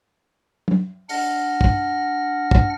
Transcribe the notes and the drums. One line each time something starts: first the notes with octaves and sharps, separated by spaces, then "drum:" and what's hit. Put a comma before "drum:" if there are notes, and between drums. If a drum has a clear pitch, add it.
drum: tom
D4 F#5 F6 A#6, drum: open hi-hat
drum: kick
drum: kick